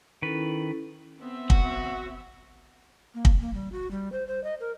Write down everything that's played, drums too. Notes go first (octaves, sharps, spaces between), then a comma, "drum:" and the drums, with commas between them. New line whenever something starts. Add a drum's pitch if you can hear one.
D#3 C#4 E4 A4 B4
B3 C4 E5
F#4, drum: kick
A#3
drum: kick
A#3
G3
F#4
G3
C5
C5
D#5
A#4